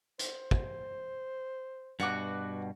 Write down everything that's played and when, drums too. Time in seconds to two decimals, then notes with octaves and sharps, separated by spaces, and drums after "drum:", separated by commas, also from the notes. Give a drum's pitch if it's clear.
0.19 C5, drum: hi-hat
0.51 drum: kick
2.00 G2 B2 F#4 F#5 D6